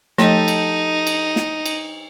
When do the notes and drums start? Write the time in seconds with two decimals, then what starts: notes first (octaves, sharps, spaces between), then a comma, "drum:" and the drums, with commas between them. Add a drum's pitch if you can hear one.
0.18 F3 A3 D#4 G4 A4 D#5, drum: snare
0.48 drum: cymbal
1.07 drum: cymbal
1.36 drum: snare
1.66 drum: cymbal